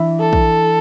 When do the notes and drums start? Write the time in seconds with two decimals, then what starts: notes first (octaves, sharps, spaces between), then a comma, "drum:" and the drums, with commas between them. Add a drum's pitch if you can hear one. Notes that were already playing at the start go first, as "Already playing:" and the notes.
Already playing: E3 D4 E4
0.20 A4
0.33 drum: kick A#1